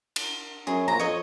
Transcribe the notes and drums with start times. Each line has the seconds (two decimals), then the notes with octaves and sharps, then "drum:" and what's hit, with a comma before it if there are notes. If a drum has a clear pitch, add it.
0.16 drum: cymbal
0.67 F#2 G#4
0.88 A#1 A#5
1.00 F2 C#5 D#5